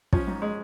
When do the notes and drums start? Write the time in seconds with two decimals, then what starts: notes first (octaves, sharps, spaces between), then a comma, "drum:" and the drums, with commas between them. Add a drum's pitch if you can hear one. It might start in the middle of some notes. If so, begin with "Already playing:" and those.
0.13 F3 C#4, drum: kick
0.27 G#2
0.42 G#3